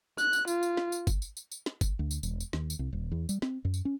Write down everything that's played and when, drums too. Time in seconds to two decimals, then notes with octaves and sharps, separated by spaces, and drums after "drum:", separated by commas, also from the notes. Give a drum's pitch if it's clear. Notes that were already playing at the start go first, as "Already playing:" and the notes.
0.18 F#6, drum: tambourine
0.33 drum: tambourine
0.48 F4, drum: tambourine
0.63 drum: tambourine
0.77 drum: snare
0.92 drum: tambourine
1.07 drum: kick, tambourine
1.22 drum: tambourine
1.37 drum: tambourine
1.51 drum: tambourine
1.66 drum: snare
1.81 drum: kick, tambourine
1.99 D2
2.11 drum: tambourine
2.23 E1, drum: tambourine
2.40 drum: tambourine
2.53 D#2, drum: snare
2.70 drum: tambourine
2.79 C2
2.93 D#1
3.12 E2
3.29 G3, drum: tambourine
3.42 C4, drum: snare
3.65 F#2
3.74 drum: tambourine
3.85 C#4